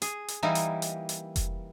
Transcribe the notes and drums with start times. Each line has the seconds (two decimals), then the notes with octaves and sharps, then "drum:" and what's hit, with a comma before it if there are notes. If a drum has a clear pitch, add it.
0.02 G#4, drum: hi-hat
0.28 drum: hi-hat
0.43 E3 G3 A#3 D#4 E4
0.55 drum: hi-hat
0.82 drum: hi-hat
1.09 drum: hi-hat
1.36 drum: kick F1, hi-hat